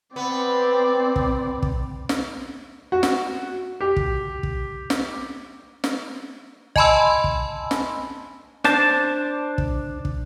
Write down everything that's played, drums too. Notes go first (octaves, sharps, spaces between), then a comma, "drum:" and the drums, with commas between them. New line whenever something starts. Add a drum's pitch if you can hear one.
B3 C4 D5
drum: kick
drum: kick
drum: snare
F#4
drum: snare
G4
drum: kick
drum: kick
drum: snare
drum: snare
D#5 G#5 A5 B5 C6 E6, drum: kick
drum: kick
drum: snare
D4 C5 A5, drum: snare
drum: kick
drum: kick